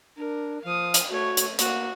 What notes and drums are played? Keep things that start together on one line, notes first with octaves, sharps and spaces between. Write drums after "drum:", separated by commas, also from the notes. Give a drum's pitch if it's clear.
D4 A#4
F3 F5 D#6
drum: hi-hat
A3 F#4 C#5
drum: hi-hat
A#3 F#4, drum: hi-hat